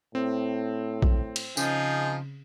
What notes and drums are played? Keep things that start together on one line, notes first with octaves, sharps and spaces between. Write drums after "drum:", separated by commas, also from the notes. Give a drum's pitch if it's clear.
A2 C4
drum: kick A#1
drum: cymbal
C#3 F3 D#4 G#4, drum: tambourine